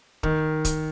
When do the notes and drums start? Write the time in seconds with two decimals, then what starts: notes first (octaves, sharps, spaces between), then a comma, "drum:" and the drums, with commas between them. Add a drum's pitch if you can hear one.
0.23 D#3, drum: kick
0.65 drum: kick, hi-hat